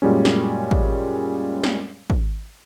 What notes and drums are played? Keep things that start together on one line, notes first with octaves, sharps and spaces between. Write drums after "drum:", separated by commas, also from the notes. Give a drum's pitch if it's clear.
F#2 A#2 G3 G#3 C#4
drum: snare
drum: kick
drum: snare
drum: kick